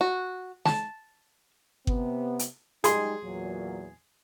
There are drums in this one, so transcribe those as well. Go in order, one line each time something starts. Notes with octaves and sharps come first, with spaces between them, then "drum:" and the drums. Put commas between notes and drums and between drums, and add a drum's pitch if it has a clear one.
F#4
A5, drum: snare
C3 B3, drum: kick G1
drum: hi-hat
G3 G#3 D#4 G#4 C6, drum: hi-hat
E2 A#2 F#3